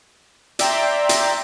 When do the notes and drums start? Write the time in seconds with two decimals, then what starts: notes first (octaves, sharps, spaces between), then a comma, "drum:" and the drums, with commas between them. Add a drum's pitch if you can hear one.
0.59 D5 E5 G5 A#5 C6, drum: hi-hat
1.09 drum: hi-hat